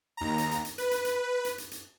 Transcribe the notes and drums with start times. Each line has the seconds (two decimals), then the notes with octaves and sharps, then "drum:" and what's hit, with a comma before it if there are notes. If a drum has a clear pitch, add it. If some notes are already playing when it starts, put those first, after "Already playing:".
0.17 D#2 A#5
0.38 drum: hi-hat
0.51 drum: hi-hat
0.65 drum: hi-hat
0.78 B4, drum: hi-hat
0.91 drum: hi-hat
1.05 drum: hi-hat
1.45 drum: hi-hat
1.58 drum: hi-hat
1.71 drum: hi-hat